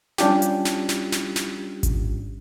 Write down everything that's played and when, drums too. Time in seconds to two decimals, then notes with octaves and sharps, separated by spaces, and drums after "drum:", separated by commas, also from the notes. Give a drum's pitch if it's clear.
0.18 G3 C#4 D4 F4 G4, drum: snare
0.42 drum: hi-hat
0.65 drum: snare
0.89 drum: snare
1.12 drum: snare
1.36 drum: snare
1.83 drum: kick G#1, hi-hat